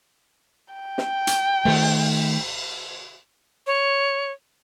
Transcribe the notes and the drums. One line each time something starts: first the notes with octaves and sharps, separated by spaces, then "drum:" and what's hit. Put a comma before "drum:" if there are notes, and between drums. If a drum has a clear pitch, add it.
G5
drum: snare
drum: hi-hat
D#3 A3, drum: cymbal
C#5